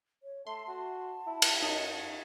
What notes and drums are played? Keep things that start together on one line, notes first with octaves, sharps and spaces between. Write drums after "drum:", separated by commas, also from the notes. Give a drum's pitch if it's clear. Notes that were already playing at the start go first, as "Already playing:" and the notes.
C#5
A3 A5 C6
F#4 A5
E4
drum: cymbal
F#2 D#4